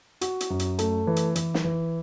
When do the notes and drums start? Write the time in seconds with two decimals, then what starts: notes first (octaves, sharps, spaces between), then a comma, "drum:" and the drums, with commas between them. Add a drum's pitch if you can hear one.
0.21 F#4, drum: hi-hat
0.40 drum: hi-hat
0.50 F#2
0.59 drum: hi-hat
0.79 A3, drum: hi-hat
1.07 E3
1.16 drum: hi-hat
1.36 E3, drum: hi-hat
1.54 drum: snare
1.64 E3